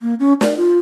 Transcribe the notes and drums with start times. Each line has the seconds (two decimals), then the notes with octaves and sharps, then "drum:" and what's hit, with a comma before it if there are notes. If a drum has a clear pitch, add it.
0.02 A#3
0.20 C#4
0.41 D5, drum: snare
0.57 F4